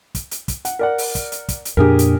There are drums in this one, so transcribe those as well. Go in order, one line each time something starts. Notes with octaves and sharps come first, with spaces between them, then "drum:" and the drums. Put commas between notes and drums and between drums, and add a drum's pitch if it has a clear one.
drum: kick, hi-hat
drum: hi-hat
drum: kick, hi-hat
F#5, drum: hi-hat
A#4 D5 F#5
drum: open hi-hat
drum: kick, hi-hat
drum: hi-hat
drum: kick, hi-hat
drum: hi-hat
F2 A#2 D4 G4 G#4 A#4
drum: hi-hat